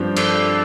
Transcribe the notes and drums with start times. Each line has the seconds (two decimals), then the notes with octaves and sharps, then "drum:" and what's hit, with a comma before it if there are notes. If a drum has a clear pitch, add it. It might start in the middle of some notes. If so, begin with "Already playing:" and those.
Already playing: G2 F3 C4 G4
0.16 A4 D5, drum: cymbal